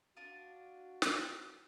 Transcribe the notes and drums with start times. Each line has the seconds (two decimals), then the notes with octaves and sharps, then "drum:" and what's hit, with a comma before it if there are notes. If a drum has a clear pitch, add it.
0.17 D4 F4 F#4
1.02 drum: snare